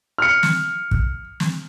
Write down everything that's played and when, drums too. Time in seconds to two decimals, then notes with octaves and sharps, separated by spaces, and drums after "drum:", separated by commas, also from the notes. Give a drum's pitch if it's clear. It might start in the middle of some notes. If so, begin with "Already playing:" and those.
0.18 F6 C#7
0.43 drum: snare
0.91 drum: kick
1.40 drum: snare